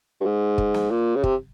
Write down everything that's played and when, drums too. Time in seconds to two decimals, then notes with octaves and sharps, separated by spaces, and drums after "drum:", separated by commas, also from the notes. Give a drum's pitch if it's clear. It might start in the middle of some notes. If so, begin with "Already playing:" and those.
0.21 G2
0.25 G#2
0.58 drum: kick
0.74 drum: snare
0.90 A#2
1.16 C#3
1.24 C3, drum: kick